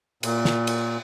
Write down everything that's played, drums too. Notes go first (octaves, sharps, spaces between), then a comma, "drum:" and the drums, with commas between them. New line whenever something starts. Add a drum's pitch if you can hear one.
A#2, drum: cymbal
drum: snare
drum: cymbal